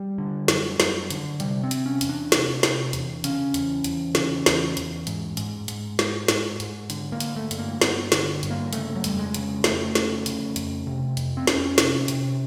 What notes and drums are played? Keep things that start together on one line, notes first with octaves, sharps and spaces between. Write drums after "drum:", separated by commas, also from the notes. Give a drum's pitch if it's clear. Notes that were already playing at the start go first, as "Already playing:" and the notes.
Already playing: G3
D3
F#2, drum: snare
F#2, drum: snare
D3, drum: hi-hat
C3 G3, drum: hi-hat
C4
C3, drum: hi-hat
C#4
E2, drum: hi-hat
D4
C3, drum: snare
C3, drum: snare
E2, drum: hi-hat
C#3 C#4, drum: hi-hat
E2, drum: hi-hat
E2, drum: hi-hat
C#3, drum: snare
E2, drum: snare
E2, drum: hi-hat
G#2, drum: hi-hat
G#2, drum: hi-hat
G#2, drum: hi-hat
G#2, drum: snare
G#2, drum: snare
G#2, drum: hi-hat
D3, drum: hi-hat
A#3
D3, drum: hi-hat
A3
G2, drum: hi-hat
A#3
G2 B3, drum: snare
D3, drum: snare
G2, drum: hi-hat
A#3
C#3 A3, drum: hi-hat
F#3
F2 G3, drum: hi-hat
G#3
C#3, drum: hi-hat
F2 A3, drum: snare
C#3, drum: snare
C#3, drum: hi-hat
F2, drum: hi-hat
C3
F2, drum: hi-hat
C4
F2 C#4, drum: snare
C3, drum: snare
C3, drum: hi-hat